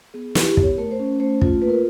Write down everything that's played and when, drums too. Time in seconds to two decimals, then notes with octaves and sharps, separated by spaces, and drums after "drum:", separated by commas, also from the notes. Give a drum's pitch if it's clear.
0.14 B3 G#4
0.35 E4 G4, drum: snare
0.49 G4
0.57 B3, drum: kick
0.63 C#5
0.77 A3 A#4
0.91 C5
0.99 C#4
1.20 A3 C5
1.41 F4, drum: kick
1.62 A#3 B4
1.69 A#4